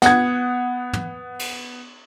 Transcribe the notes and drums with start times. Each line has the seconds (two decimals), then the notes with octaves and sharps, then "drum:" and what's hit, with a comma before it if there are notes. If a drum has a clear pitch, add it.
0.02 B3 F#5 D#6 G#6, drum: snare
0.93 drum: tom
1.39 drum: cymbal